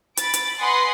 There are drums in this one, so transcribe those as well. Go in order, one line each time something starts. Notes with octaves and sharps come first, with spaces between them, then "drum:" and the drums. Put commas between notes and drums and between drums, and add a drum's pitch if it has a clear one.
B5 A6 D7, drum: hi-hat
drum: hi-hat
B4 D#5 F#5 G#5 B5 C6